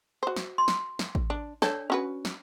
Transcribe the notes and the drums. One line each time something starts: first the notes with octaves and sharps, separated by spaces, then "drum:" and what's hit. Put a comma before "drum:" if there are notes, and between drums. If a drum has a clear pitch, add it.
F#4 C5
drum: snare
C6
drum: snare
drum: snare
drum: kick A1
D4
D4 A4 C#5 D5, drum: snare
C#4 F#4 B4
drum: snare